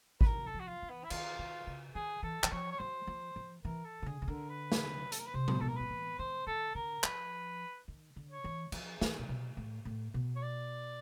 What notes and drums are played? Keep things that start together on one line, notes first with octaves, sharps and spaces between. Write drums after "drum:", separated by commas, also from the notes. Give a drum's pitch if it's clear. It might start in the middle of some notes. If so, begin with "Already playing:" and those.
B4, drum: kick
F3 A#4
A4
F3
F#4
F4
E3
B3
E4
D#3 F4, drum: cymbal
D#3
C#3
D#3 G#4
E3 A4
E3, drum: clap
F3 C#5
C#5
F#3 C5
F3
F3
E3 A#4
A4
C#3
D3 G#4
C#3
D3 A#4
B4
drum: snare
A4, drum: hi-hat
A#4
B4
C3 C5
drum: tom
B2 A4
A#4
F3 B4
E3
D#3 C5
D#3 A4
D3 A#4
F3 B4, drum: clap
D#3
D3
C#5
E3
F3, drum: cymbal
D#3, drum: snare
A#2
B2
A2
A2
B2
C#5
D5